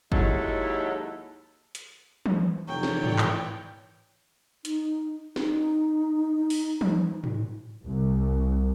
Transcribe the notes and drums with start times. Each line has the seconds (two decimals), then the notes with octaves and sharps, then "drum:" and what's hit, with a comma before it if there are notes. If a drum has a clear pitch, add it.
0.12 D#2 F#3 G#3 D#4 E4 A4, drum: kick G1
1.75 drum: hi-hat
2.26 drum: tom E3
2.68 F1 E3 F#3 C#5 D5 G5
2.83 drum: snare
3.04 drum: tom G#2
3.18 drum: clap
4.65 D#4, drum: hi-hat
5.36 D#4, drum: snare
6.50 drum: open hi-hat
6.81 drum: tom E3
7.24 drum: tom G#2
7.83 C2